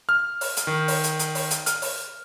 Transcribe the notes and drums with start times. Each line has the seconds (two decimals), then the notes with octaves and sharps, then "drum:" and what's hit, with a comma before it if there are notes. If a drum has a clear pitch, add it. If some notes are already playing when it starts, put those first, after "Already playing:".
0.09 F6
0.41 drum: open hi-hat
0.57 drum: hi-hat
0.67 D#3
0.88 drum: open hi-hat
1.04 drum: hi-hat
1.19 drum: hi-hat
1.35 drum: open hi-hat
1.51 drum: hi-hat
1.66 F6, drum: hi-hat
1.82 drum: open hi-hat